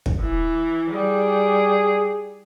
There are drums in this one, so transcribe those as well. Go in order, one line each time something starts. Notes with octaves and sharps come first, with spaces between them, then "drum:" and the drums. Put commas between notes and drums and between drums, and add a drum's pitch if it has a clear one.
drum: kick
E3
G3 G#4